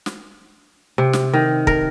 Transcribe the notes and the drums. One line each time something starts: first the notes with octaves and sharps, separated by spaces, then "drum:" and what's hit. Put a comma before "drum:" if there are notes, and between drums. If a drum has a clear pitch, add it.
drum: snare
C3
drum: snare
D#3
A#4, drum: kick